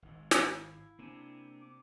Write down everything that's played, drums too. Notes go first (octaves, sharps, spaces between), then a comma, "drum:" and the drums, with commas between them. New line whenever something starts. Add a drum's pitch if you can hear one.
G#1 G#2
C5 F5 G#5, drum: snare
E4
C3 A#3 D4 G#5
D6